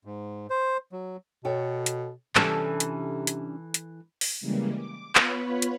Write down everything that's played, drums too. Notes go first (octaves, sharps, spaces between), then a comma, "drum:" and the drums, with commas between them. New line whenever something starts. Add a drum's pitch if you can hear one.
G#2
C5
F#3
B2 A4 C#5 G5
drum: hi-hat
C3 E3 G3 C#4 D4 A4, drum: clap
drum: hi-hat
drum: hi-hat
drum: hi-hat
drum: open hi-hat
C#3 E3 G3 G#3 A#3
D6
B3 F4 B4 C#5 B5, drum: clap
drum: hi-hat